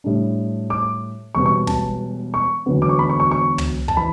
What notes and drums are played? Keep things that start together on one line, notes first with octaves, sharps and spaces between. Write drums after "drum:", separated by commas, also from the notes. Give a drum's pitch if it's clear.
A2 G3 D4
D6
E1 E2 B2 G3 B3 C#6
C#6
A5, drum: snare
C#6
E1 D2 D3 F#3 B3
D6
C#6
B5
C#6
C#6
C#6
drum: tom
A5, drum: kick
E3 B5